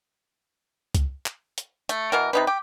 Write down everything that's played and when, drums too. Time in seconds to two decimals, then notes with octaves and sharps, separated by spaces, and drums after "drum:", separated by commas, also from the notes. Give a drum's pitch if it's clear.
0.94 drum: kick, hi-hat
1.26 drum: clap
1.58 drum: hi-hat
1.89 A3, drum: hi-hat
2.12 B2 E3 A#4
2.33 C3 D#4 B4
2.47 G4